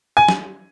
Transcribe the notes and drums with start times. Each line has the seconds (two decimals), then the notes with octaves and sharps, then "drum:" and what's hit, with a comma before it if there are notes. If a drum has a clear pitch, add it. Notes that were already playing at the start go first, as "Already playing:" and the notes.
0.17 G#5
0.28 drum: snare